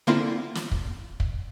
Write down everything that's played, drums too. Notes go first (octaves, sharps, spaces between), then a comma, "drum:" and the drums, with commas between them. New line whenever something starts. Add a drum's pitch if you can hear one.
D3 A#3 C4 E4 F4
drum: snare
drum: kick
drum: kick